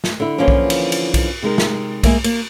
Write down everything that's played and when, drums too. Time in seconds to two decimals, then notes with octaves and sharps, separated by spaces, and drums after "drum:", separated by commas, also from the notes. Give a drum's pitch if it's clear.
0.04 drum: snare
0.20 D3 E4
0.38 D3 E3 F3 A#3 C#4 D4
0.48 drum: kick B1
0.70 drum: cymbal
0.92 drum: cymbal
1.14 drum: kick B1, cymbal
1.42 C3 G#3 D#4 A#4
1.58 drum: snare
2.03 G#3 A#3 E5 G#5, drum: kick B1, cymbal
2.24 A#3, drum: cymbal